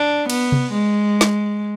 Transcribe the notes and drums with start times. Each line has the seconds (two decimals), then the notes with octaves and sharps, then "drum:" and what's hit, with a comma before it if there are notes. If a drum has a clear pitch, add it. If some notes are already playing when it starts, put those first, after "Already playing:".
Already playing: D4
0.30 B3, drum: cymbal
0.52 drum: tom C3
0.73 G#3
1.21 drum: snare